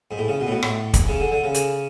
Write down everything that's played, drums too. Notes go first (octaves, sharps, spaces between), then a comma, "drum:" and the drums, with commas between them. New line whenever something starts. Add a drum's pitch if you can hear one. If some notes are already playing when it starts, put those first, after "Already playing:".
G#2
A2
C#3
B2
A2
B2
A2, drum: rim click
drum: kick, hi-hat
C#3
D3
D3
C#3
drum: hi-hat